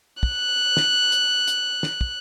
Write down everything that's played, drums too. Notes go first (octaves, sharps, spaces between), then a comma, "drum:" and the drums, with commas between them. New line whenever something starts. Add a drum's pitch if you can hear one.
F#6, drum: kick
drum: snare
drum: hi-hat
drum: hi-hat
drum: snare
drum: kick